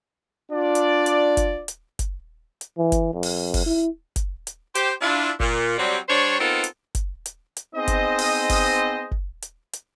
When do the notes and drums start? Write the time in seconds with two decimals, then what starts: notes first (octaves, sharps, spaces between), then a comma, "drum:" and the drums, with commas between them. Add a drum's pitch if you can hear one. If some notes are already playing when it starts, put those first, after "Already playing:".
0.52 D4 F4 D5
0.75 drum: hi-hat
1.06 drum: hi-hat
1.37 drum: kick F#1, hi-hat
1.68 drum: hi-hat
1.99 drum: kick F#1, hi-hat
2.61 drum: hi-hat
2.78 E3
2.92 drum: kick F#1, hi-hat
3.14 F2
3.23 drum: open hi-hat
3.54 drum: kick F#1, open hi-hat
3.66 E4
4.16 drum: kick F#1, hi-hat
4.47 drum: hi-hat
4.75 G4 C5, drum: hi-hat
5.01 D4 E4 F4
5.40 A#2, drum: kick F#1
5.78 F#3 G3 C4
6.09 G3 D4 C5 C#5
6.39 B3 C4 D#4 F4 A4 A#4
6.64 drum: hi-hat
6.95 drum: kick F#1, hi-hat
7.26 drum: hi-hat
7.57 drum: hi-hat
7.75 B3 C4 D#4 G#4 C5 D#5
7.88 drum: kick F#1, hi-hat
8.19 drum: open hi-hat
8.49 drum: kick F#1, open hi-hat
9.11 drum: kick F#1
9.42 drum: hi-hat
9.73 drum: hi-hat